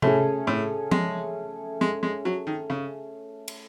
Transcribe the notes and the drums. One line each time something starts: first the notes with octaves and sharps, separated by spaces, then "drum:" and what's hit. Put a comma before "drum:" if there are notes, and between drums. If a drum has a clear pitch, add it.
A2 A3 C#4 G#4, drum: tom C3
A2
G#3, drum: tom F3
G#3
G#3
F#3
D#3
C#3
drum: cymbal